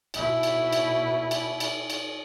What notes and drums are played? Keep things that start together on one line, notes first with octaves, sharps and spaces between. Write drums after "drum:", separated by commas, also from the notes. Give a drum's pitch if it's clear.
B2 E4, drum: cymbal
drum: cymbal
drum: cymbal
drum: cymbal
drum: cymbal
drum: cymbal